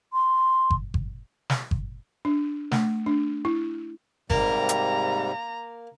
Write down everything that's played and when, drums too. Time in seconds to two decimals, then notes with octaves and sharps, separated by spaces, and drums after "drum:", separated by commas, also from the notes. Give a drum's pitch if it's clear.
0.13 C6
0.70 drum: kick G1
0.94 drum: kick G1
1.50 drum: snare
1.71 drum: kick G1
2.25 D4
2.72 A3, drum: snare
3.06 D4
3.45 E4
4.30 G#2 C3 G3 A#3 A#5, drum: kick G1
4.69 drum: hi-hat